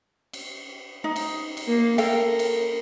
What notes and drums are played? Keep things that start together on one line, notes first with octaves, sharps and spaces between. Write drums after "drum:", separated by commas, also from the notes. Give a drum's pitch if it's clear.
drum: cymbal
D#4
drum: cymbal
drum: cymbal
A#3
A4 A#4 F5 G5, drum: cymbal
drum: cymbal